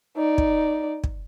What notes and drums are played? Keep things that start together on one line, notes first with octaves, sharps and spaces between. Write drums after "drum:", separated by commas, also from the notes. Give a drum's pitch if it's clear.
D#4 D5
drum: kick
drum: kick